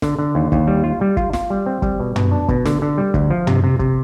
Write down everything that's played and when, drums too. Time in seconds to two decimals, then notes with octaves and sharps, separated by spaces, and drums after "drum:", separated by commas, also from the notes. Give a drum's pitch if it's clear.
0.02 D3, drum: snare
0.19 D3
0.35 D#2
0.52 D#2, drum: kick
0.67 G3
0.84 F4
1.01 G3
1.17 F4, drum: kick
1.33 F4, drum: snare
1.50 G3
1.66 C4
1.82 G3, drum: kick
2.00 B2
2.16 B2, drum: tom
2.32 D4
2.49 B2, drum: kick
2.65 D3, drum: snare
2.82 D3
2.98 G3
3.14 D2, drum: kick
3.31 F3
3.47 C3, drum: tom
3.64 C3
3.79 C3, drum: kick